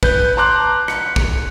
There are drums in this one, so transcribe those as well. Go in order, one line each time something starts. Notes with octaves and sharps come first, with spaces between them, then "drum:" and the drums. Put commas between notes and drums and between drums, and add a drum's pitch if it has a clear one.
B4 G6, drum: kick
A5 A#5 C6 D6 F#6
C#7, drum: rim click
drum: kick